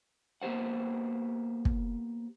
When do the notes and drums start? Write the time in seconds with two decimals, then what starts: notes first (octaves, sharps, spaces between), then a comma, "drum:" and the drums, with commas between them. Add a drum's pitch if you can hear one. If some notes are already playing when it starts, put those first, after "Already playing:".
0.42 A#3 B3 G4 C5 F#5
1.65 drum: kick